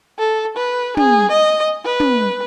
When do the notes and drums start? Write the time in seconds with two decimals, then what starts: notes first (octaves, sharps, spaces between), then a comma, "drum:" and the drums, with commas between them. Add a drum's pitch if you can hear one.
0.19 A4
0.57 B4
0.97 G#4, drum: tom
1.31 D#5
1.85 B4
2.00 drum: tom